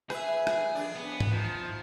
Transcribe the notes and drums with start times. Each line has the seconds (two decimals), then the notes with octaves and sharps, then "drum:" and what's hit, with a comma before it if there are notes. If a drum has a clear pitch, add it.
0.10 G#4 B4 E5, drum: rim click
0.47 drum: rim click
0.75 F2 A#2 D4
0.95 B3
1.20 drum: tom G#2
1.31 D#3 F3